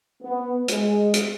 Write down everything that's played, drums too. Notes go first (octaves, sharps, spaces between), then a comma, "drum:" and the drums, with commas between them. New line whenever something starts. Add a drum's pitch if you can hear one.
B3
G#3, drum: hi-hat
drum: hi-hat